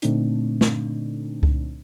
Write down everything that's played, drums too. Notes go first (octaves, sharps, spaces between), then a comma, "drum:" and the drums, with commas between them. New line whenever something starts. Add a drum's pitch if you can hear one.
A#2 D3 A3 C4 D4 D#4, drum: hi-hat
drum: snare
drum: kick C#2